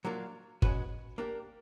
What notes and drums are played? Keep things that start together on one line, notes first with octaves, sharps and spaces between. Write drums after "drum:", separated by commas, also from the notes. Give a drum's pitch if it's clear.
F#3 A#3 D4 F4 A#4
G#3 C#4 F#4 B4, drum: kick G1
A#3 D4 G4 A#4